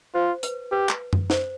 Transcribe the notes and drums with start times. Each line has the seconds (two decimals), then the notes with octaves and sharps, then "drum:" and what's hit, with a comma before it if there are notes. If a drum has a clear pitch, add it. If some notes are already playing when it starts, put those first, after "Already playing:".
0.14 F4 C5
0.43 B4, drum: hi-hat
0.71 G4 B4
0.89 drum: clap
1.13 drum: tom F#2
1.30 C5, drum: snare